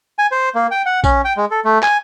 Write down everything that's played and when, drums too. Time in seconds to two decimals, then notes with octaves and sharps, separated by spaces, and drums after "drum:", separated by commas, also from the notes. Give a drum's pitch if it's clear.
0.19 G#5
0.32 C5
0.55 A#3
0.71 G5
0.86 F#5
1.04 C#4, drum: kick A#1, tambourine
1.25 G5
1.37 G#3
1.51 A4
1.65 A3
1.83 G#5, drum: clap